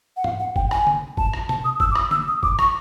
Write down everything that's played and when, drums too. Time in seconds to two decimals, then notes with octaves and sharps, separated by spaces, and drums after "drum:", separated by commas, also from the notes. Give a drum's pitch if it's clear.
0.17 F#5
0.24 F5, drum: tom
0.40 F#5
0.56 G5, drum: kick
0.71 G#5, drum: rim click
0.87 drum: tom D3
1.17 A5, drum: kick
1.33 drum: rim click
1.49 A5, drum: tom
1.65 D#6
1.80 E6, drum: kick
1.91 D6
1.95 D#6, drum: rim click
2.11 E6, drum: tom D3
2.28 D#6
2.43 D6, drum: kick
2.59 C#6, drum: rim click